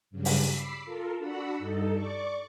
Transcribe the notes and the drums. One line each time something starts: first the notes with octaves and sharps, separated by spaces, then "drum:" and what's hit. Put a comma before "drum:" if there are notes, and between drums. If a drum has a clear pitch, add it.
G2 C#3 F#3 G3
drum: open hi-hat
B5 D6 E6 B6 C7
F4 A4 A#4
D4 F#4 F#5 B5 E6
G2 D#4 A4
D5 C#6 D6